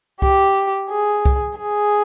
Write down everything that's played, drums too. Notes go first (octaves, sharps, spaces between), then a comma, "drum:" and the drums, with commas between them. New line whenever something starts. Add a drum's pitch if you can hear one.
G4, drum: kick C2
G#4
drum: kick C2
G#4